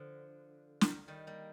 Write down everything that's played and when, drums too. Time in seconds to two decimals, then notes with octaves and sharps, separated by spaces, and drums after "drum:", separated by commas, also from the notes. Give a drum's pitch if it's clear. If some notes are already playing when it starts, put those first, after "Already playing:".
Already playing: D3 F3
0.81 drum: snare
1.08 D#3 G3
1.27 G3 A#3